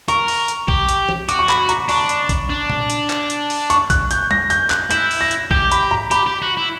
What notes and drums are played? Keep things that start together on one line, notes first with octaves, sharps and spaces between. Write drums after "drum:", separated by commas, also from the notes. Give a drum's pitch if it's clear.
A#4 C#6, drum: hi-hat
drum: open hi-hat
drum: hi-hat
G4, drum: kick
drum: hi-hat
drum: tom E3
F#4 D6, drum: hi-hat
C#6
B5, drum: clap
A#5, drum: hi-hat
D4 C#6, drum: open hi-hat
drum: hi-hat
drum: kick, hi-hat
D4
drum: tom A#2
drum: hi-hat
drum: clap
drum: hi-hat
drum: open hi-hat
C#6, drum: hi-hat
F#6, drum: kick, hi-hat
G6, drum: hi-hat
A#6, drum: tom G3
G6, drum: hi-hat
F#6, drum: clap
E4 G6, drum: hi-hat
drum: open hi-hat
A#6
drum: hi-hat
G4 G6, drum: kick
B5, drum: hi-hat
A#5, drum: tom G#2
G4 B5, drum: hi-hat
G4
F#4
E4